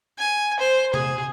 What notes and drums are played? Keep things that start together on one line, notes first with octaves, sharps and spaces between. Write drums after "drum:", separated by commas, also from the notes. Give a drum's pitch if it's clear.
G#5
C5
G#4, drum: tom C3